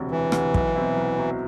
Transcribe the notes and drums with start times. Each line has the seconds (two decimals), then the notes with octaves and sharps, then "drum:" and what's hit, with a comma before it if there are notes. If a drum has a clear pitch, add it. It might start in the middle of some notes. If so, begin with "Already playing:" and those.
Already playing: E1 D2 C3
0.11 E1 E3
0.32 D2 C3, drum: rim click
0.54 B1, drum: kick
0.75 B2 F#3 C4 E4
0.97 B1
1.17 B2 F#3 C4 E4